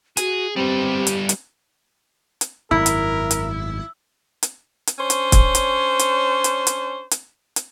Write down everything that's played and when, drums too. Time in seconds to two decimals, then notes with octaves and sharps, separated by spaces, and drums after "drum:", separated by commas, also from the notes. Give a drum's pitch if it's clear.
0.17 F#4 G#4, drum: hi-hat
0.56 G3 B3 C4 G4
1.07 drum: hi-hat
1.29 drum: hi-hat
2.41 drum: hi-hat
2.71 G#1 F#2 E4 A#4 E6
2.86 drum: hi-hat
3.31 drum: hi-hat
4.43 drum: hi-hat
4.87 drum: hi-hat
4.99 C#4 D4 C5 C#5
5.10 drum: hi-hat
5.32 drum: kick, hi-hat
5.55 drum: hi-hat
5.99 drum: hi-hat
6.44 drum: hi-hat
6.67 drum: hi-hat
7.11 drum: hi-hat
7.56 drum: hi-hat